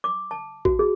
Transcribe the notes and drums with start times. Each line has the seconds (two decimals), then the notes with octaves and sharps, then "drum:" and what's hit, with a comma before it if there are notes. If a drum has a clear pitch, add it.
0.04 D6
0.31 A5
0.65 F#4, drum: kick
0.79 G#4